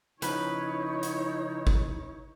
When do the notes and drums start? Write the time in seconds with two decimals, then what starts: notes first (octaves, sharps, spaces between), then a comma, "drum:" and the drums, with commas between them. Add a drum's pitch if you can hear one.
0.22 C#3 F3 C#4 D#4 E4 B4 C#5, drum: hi-hat
1.03 drum: hi-hat
1.67 drum: kick G1